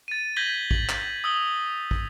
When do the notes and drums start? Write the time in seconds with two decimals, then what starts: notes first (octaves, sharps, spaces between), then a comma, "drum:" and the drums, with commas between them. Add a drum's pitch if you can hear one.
0.08 A6 D#7
0.36 G6 G#6 A#6 B6 F#7 G7
0.71 F#7, drum: kick
0.89 drum: clap
1.24 D#6 E6 G7
1.91 drum: kick